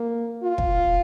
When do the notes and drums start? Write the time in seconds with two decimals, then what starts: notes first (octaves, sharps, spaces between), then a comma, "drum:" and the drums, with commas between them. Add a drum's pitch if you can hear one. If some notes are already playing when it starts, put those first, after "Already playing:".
Already playing: A#3
0.43 F4
0.58 drum: kick